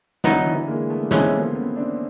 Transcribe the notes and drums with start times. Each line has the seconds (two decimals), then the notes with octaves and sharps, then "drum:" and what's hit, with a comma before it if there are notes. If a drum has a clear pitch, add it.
0.24 D3 E3 F#3 B3 D#4, drum: snare
0.46 D3 E3
0.68 G#3 A#3
0.90 A3 B3
1.03 A#3
1.11 C3 E3 G#3 A3 B3 C#4, drum: snare
1.33 A#3 C4
1.55 B3 C#4
1.76 C4 D4